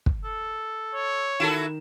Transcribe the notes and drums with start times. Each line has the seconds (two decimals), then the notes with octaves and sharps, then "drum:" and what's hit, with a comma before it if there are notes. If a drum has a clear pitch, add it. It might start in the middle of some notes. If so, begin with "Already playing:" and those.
0.06 drum: kick
0.24 A4
0.94 C#5
1.40 D#3 E4 F#4 A4 E7